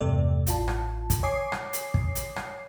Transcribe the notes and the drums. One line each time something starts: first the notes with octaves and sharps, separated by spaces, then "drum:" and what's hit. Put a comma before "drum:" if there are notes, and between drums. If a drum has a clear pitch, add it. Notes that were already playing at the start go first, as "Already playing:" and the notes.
E2 G2 C3 A3 D5
A1 F4 A5, drum: hi-hat
drum: rim click
drum: kick, hi-hat
C#5 G#5 D6 D#6 C7
drum: rim click
drum: hi-hat
drum: kick
drum: hi-hat
drum: rim click